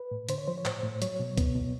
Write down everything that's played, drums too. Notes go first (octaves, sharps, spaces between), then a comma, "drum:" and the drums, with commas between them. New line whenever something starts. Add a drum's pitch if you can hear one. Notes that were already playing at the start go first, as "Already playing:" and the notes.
Already playing: B4
A2
D3 C5, drum: hi-hat
C#5
F3 C5
C#5
A2 C5, drum: clap
A2
F#3 C#5, drum: hi-hat
B2
B3, drum: kick C2, hi-hat
B2